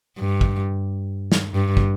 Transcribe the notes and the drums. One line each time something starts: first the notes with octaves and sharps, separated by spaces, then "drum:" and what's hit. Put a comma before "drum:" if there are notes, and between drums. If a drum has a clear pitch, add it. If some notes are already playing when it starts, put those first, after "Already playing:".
G2
drum: kick
drum: snare
G2
drum: kick